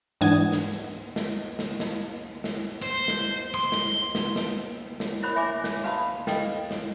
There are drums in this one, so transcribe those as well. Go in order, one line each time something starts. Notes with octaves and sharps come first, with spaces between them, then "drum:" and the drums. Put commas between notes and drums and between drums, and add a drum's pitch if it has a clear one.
G#2 E3 D4 F#5 D#6 G#6
drum: snare
drum: hi-hat
drum: snare
drum: snare
drum: snare
drum: hi-hat
drum: snare
C5
drum: snare
drum: hi-hat
C6
drum: snare
drum: snare
drum: snare
drum: hi-hat
drum: snare
E4 A#4 C5 C#5 B5 D#6
E5 G#5 D6
C#5, drum: snare
F#4 B4 F5 A5 B5 D#6, drum: hi-hat
A4 B4 D#5 F5 G5, drum: snare
drum: snare